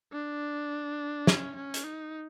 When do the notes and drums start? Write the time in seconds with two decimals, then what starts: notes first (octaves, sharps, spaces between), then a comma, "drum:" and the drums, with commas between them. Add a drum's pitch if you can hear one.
0.12 D4
1.27 C#4, drum: snare
1.56 C#4
1.74 drum: hi-hat
1.84 D#4